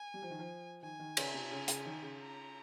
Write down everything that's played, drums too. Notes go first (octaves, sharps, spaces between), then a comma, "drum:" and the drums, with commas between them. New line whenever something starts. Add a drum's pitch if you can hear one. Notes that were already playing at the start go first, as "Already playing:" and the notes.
Already playing: G#5
G3
F3
D#3
F3
D#3 G#5
D#3
C#3, drum: cymbal
C3
C#3
C#3, drum: hi-hat
D#3
C#3
A#5